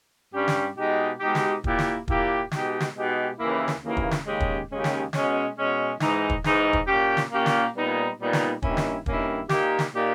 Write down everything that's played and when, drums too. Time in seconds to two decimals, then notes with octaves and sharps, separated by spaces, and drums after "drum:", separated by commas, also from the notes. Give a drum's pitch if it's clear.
0.33 G2 G3 C#4 G4
0.48 drum: snare
0.76 B2 G#3 D#4 G4
1.20 B2 G#3 D#4 G4
1.35 drum: snare
1.64 A#2 A#3 E4 G4, drum: kick
1.79 drum: snare
2.08 A#2 A#3 E4 G4, drum: kick
2.51 B2 G#3 D#4 G4, drum: snare
2.80 drum: snare
2.95 B2 G#3 D#4 G4
3.39 D#2 C#3 E3 A#3 E4
3.68 drum: snare
3.82 D#2 C#3 E3 A#3 E4
3.97 drum: kick
4.11 drum: snare
4.25 D#2 C#3 G#3 C#4 G4
4.40 drum: kick
4.70 D#2 C#3 G#3 C#4 G4
4.84 drum: snare
5.13 B2 G#3 C#4, drum: snare
5.57 B2 G#3 C#4
6.00 G#2 E3 G#3 D#4, drum: snare
6.30 drum: kick
6.44 G#2 E3 G#3 D#4, drum: snare
6.73 drum: kick
6.88 A#2 A#3 C#4 G4
7.17 drum: snare
7.31 A#2 A#3 C#4 G4
7.46 drum: snare
7.75 A#2 G3 B3 D#4
8.19 A#2 G3 B3 D#4
8.33 drum: snare
8.62 G2 D#3 A#3 C#4 E4, drum: kick
8.77 drum: snare
9.06 G2 D#3 A#3 C#4 E4, drum: kick
9.49 A#2 A#3 D#4 G4, drum: snare
9.79 drum: snare
9.93 A#2 A#3 D#4 G4